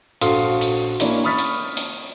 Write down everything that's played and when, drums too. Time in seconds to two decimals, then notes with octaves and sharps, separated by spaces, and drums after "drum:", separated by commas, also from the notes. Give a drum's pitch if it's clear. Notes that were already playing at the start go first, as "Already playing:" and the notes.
0.21 A#1 F#4 A4 F5 C6 D#6, drum: hi-hat
0.61 drum: hi-hat
1.00 A#3 C#4 D4 E4, drum: hi-hat
1.24 B5 C#6 D#6 F6 A6 B6
1.38 drum: hi-hat
1.77 drum: hi-hat